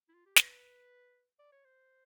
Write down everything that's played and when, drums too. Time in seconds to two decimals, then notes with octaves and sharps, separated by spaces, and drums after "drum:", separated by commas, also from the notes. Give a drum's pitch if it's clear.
0.09 E4
0.14 F4
0.26 G4
0.36 B4, drum: snare
1.39 D5
1.52 C#5
1.64 C5